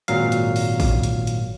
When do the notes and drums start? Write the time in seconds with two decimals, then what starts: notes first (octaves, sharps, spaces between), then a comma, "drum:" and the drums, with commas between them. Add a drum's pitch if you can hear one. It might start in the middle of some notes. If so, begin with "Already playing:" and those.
0.08 G#1 A#2 F#3 F5, drum: hi-hat
0.32 drum: hi-hat
0.56 drum: open hi-hat
0.80 drum: kick, open hi-hat
1.03 drum: hi-hat
1.27 drum: hi-hat